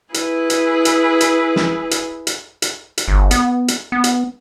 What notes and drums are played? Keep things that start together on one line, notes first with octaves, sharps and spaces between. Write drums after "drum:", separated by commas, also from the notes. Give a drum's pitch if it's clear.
E4 G#4 B4, drum: hi-hat
drum: hi-hat
drum: hi-hat
drum: hi-hat
drum: snare
drum: hi-hat
drum: hi-hat
drum: hi-hat
drum: hi-hat
G1
B3, drum: hi-hat
drum: hi-hat
B3
drum: hi-hat